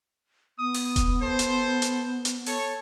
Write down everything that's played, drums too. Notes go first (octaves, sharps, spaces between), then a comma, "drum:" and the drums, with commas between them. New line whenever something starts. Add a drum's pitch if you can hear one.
B3 D#6
drum: open hi-hat
drum: kick E1, hi-hat
A4 C5
drum: hi-hat
drum: hi-hat
drum: hi-hat
A4 C#5, drum: open hi-hat